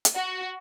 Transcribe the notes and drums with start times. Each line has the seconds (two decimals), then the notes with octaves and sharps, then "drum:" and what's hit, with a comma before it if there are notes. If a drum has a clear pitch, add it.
0.05 drum: hi-hat
0.15 F#4